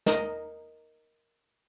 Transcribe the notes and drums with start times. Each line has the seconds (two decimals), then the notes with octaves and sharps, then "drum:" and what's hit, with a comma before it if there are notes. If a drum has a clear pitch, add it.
0.06 A#4 D#5, drum: snare